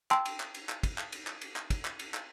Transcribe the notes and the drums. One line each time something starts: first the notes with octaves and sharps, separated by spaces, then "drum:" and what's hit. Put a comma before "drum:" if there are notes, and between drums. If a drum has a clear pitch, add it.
G5 A5 C6 E6, drum: clap
drum: cymbal
drum: clap
drum: cymbal
drum: clap
drum: kick, cymbal
drum: clap
drum: cymbal
drum: clap
drum: cymbal
drum: clap
drum: kick, cymbal
drum: clap
drum: cymbal
drum: clap